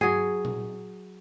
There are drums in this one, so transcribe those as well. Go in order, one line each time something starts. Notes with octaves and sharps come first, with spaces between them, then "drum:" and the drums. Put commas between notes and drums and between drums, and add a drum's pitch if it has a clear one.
F#3 G#4, drum: tom G2
drum: tom A#2